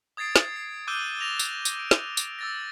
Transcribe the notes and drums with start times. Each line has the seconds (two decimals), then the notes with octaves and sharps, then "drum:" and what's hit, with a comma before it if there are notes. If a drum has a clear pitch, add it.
0.17 D#6 G#6 A6 C7 D7
0.36 drum: snare
0.56 C7
0.87 D6 E6 F#6 G6 D#7 G7
1.21 A#6 E7 F7
1.39 drum: tambourine
1.65 drum: tambourine
1.79 D7
1.91 drum: snare
2.17 drum: tambourine
2.39 E6 A6 A#6